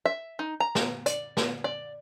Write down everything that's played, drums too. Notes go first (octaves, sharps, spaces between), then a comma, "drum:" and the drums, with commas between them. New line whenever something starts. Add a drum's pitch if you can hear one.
E5
D#4
A#5
drum: snare
D5, drum: hi-hat
drum: snare
D5